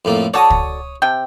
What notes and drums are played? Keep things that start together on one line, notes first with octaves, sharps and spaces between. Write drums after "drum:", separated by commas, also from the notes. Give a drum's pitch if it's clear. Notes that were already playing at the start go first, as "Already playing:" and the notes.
F2 A2 A#3
F#4 A4 C#5 D5 D#6
drum: kick
C3 G5